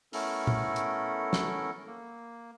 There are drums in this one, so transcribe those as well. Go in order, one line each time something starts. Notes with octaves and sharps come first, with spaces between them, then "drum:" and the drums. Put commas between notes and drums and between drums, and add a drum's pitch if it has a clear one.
A3 B3 C#4 E4 A4 A#4, drum: open hi-hat
drum: tom
drum: hi-hat
drum: snare
A#3